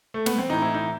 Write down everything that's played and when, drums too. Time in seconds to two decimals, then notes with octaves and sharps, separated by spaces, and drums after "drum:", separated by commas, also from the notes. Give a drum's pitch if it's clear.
0.14 A3
0.26 B3, drum: snare
0.38 C4
0.50 A2 E3 D#4
0.62 E4
0.74 D#4